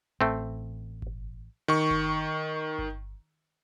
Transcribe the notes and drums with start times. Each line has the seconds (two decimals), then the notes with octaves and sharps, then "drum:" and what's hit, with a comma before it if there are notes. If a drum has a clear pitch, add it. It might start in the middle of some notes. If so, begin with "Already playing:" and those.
0.21 A1 A3 C4
1.02 drum: kick G1
1.68 D#3 C#6
1.90 drum: kick G1
2.79 drum: kick G1